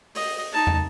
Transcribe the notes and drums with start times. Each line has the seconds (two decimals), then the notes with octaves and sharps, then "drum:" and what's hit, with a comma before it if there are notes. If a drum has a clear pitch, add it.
0.15 D#5, drum: open hi-hat
0.52 D#4 A5
0.67 drum: tom